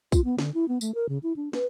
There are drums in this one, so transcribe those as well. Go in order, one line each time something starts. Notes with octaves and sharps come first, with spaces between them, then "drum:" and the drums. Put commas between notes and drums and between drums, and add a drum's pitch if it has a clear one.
F4, drum: kick, tambourine
B3
D3, drum: snare
E4
B3
A3, drum: tambourine
A#4
C#3
E4
D4
B4, drum: snare